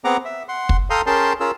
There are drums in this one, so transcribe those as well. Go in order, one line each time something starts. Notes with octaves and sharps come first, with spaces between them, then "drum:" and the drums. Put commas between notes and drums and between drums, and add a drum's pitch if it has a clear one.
B3 C4 G#4 F#5 A#5 D6
E5
F#5 C6
drum: kick
A4 F5 G5 A#5 C6 D#6
C#4 G#4 A#4 G5 A5 C6
C#4 F4 G#4 A#4 E6